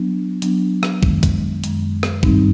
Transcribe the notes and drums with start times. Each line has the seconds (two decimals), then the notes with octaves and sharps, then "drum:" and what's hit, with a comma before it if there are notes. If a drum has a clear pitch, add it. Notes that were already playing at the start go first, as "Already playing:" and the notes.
Already playing: F#3 B3 D4
0.42 F#3 B3 D4, drum: hi-hat
0.83 drum: rim click
1.03 F#2 D#3 G#3, drum: kick
1.23 drum: kick, hi-hat
1.64 F#2 D#3 G#3, drum: hi-hat
2.03 drum: rim click
2.23 G2 D#3 G3 C4 D#4, drum: kick